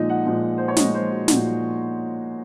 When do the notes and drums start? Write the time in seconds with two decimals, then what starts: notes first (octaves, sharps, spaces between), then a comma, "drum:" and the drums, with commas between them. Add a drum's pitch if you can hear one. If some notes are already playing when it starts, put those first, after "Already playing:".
Already playing: A#2 F3 G#3 D#4
0.09 F#5
0.26 A#2 F3 G#3 D#4
0.58 C5
0.68 C#5
0.77 A#2 F3 G#3 D#4 D#5, drum: snare
0.95 C5
1.11 F#4
1.28 A#2 F3 G#3 D#4 F#4, drum: snare